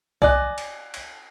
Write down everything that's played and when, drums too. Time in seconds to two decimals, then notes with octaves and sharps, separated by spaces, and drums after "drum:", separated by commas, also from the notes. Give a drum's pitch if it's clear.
0.22 D5 D#5 G#5 F#6, drum: kick C2
0.58 drum: cymbal
0.94 drum: cymbal